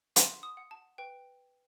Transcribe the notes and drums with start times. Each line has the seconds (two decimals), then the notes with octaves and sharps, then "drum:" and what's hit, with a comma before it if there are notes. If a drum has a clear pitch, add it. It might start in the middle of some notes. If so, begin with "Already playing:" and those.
0.16 F#5 C6, drum: hi-hat
0.43 D#6
0.57 F#5
0.71 A5
0.98 B4 G5